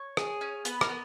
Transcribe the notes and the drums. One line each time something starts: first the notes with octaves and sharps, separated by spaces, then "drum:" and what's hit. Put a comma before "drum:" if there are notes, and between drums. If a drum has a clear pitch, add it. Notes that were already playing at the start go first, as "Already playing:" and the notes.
Already playing: C#5
G#4, drum: rim click
C#4
B3 B4, drum: hi-hat
A#4, drum: rim click
B3